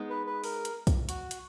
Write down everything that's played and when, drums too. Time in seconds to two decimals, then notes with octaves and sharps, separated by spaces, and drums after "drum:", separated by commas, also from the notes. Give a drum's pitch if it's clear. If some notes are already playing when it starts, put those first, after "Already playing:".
Already playing: G#3 B3 D#4 G#4
0.10 B4
0.27 B4
0.44 A#4, drum: open hi-hat
0.65 drum: hi-hat
0.87 drum: kick, hi-hat
1.09 F#4, drum: hi-hat
1.31 drum: hi-hat